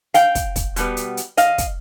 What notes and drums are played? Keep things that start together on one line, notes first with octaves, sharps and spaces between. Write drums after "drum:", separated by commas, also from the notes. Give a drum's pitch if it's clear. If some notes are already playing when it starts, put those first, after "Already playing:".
F5 G5, drum: hi-hat
drum: kick, hi-hat
drum: kick, hi-hat
B2 G3 B3, drum: hi-hat
drum: hi-hat
drum: hi-hat
D#5 F5, drum: hi-hat
drum: kick, hi-hat